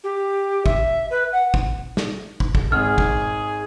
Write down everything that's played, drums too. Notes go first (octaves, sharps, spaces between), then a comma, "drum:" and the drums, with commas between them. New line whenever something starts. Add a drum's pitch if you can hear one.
G4
E5, drum: kick
B4
F#5
drum: kick
drum: snare
drum: kick
drum: kick
G#1 G#4 F6
drum: kick